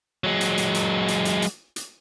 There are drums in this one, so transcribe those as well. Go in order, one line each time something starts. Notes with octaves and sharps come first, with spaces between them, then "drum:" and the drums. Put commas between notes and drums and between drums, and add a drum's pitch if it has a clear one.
F#3 G#3
drum: hi-hat
drum: hi-hat
drum: hi-hat
drum: hi-hat
drum: hi-hat
drum: hi-hat
drum: hi-hat